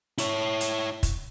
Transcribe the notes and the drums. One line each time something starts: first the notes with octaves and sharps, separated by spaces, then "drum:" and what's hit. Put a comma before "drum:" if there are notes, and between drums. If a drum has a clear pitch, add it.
E4 C#5, drum: hi-hat
drum: hi-hat
drum: kick, hi-hat